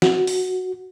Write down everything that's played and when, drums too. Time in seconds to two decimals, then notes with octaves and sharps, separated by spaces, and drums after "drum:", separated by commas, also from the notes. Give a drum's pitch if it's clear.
0.02 F#4, drum: snare
0.27 drum: open hi-hat